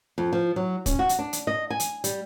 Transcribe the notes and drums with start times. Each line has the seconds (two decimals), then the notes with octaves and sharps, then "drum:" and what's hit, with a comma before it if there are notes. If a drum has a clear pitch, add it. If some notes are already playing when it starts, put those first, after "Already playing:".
0.18 F2
0.33 F3
0.56 F#3
0.86 C#4, drum: kick, hi-hat
0.99 F#4
1.09 drum: hi-hat
1.19 D4
1.33 drum: hi-hat
1.47 D#5
1.70 G#5
1.80 drum: hi-hat
2.04 G3, drum: hi-hat